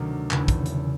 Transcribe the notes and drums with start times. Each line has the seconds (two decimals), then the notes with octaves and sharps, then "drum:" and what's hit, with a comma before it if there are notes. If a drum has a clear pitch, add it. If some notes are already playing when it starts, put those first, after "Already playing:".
Already playing: D2 C3 D#3 F#3 A3 F#4
0.31 E1 E2 C#3, drum: clap
0.48 drum: kick, hi-hat
0.66 drum: hi-hat